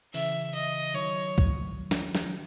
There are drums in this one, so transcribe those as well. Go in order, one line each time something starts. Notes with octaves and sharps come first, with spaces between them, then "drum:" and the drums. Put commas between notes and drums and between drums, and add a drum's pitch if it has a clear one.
C#3 E3 E5, drum: open hi-hat
D#5
D#3 F#3 C#5
drum: kick C2
drum: snare
drum: snare